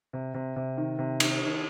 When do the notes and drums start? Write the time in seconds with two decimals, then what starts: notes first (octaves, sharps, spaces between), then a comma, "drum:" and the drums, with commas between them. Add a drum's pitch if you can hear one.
0.13 C3
0.34 C3
0.56 C3
0.77 D#3
0.99 C3
1.20 D#3, drum: cymbal
1.42 D#3